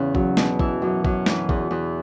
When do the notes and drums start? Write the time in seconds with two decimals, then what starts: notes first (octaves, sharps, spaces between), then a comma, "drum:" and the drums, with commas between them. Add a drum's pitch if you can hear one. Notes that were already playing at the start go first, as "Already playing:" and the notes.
Already playing: E2 C#3 C#4
0.15 F#3, drum: kick A1
0.37 B2, drum: snare
0.59 E3 E4, drum: kick A1
0.82 F#2
1.05 F#2, drum: kick A1
1.26 E3, drum: snare
1.49 E2, drum: kick A1
1.71 E2